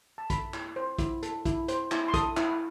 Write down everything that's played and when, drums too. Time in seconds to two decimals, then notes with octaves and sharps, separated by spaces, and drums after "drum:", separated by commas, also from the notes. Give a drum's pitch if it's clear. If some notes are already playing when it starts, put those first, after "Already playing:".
0.18 A5
0.30 A4 B5, drum: kick, hi-hat
0.54 E4, drum: clap
0.76 C5
0.99 E4, drum: kick, hi-hat
1.23 A4, drum: hi-hat
1.45 E4, drum: kick, hi-hat
1.68 C5, drum: hi-hat
1.91 E4, drum: clap
2.08 C6
2.14 A4 D#6, drum: kick, hi-hat
2.37 E4, drum: clap